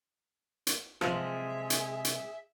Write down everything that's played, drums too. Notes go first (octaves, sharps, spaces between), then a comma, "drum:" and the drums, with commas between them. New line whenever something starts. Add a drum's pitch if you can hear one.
drum: hi-hat
C3 F3 G#3 G#4 E5, drum: rim click
drum: hi-hat
drum: hi-hat